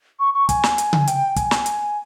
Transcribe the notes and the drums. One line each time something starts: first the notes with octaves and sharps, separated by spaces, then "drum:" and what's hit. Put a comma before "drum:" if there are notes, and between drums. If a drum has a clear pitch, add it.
C#6
C#6
G#5, drum: kick, hi-hat
drum: snare
drum: hi-hat
drum: tom C#3
G5, drum: hi-hat
G#5, drum: kick, hi-hat
drum: snare
drum: hi-hat